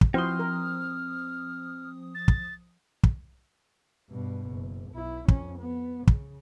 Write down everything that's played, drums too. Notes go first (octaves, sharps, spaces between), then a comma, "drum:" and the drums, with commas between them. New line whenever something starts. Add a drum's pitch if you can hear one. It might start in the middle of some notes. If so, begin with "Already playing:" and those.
drum: kick
F3 C4 E4 F#4 C5 C6 D#6 F6
A#4
A6
drum: kick
drum: kick
G2 B2
F#1
B1 E4
F2 C#4, drum: kick
B3
C#3, drum: kick